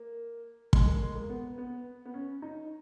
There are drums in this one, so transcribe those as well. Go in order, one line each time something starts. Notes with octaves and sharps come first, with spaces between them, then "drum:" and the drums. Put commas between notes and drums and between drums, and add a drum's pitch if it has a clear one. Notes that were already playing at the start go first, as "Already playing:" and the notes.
Already playing: A#3
G#3, drum: kick
A#3
G#3
A#3
B3
B3
B3
C#4
D#4